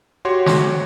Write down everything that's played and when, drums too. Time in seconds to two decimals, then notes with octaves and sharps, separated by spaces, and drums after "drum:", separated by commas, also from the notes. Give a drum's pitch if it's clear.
0.25 F#4 G4 C#5 C6 C#6
0.46 drum: snare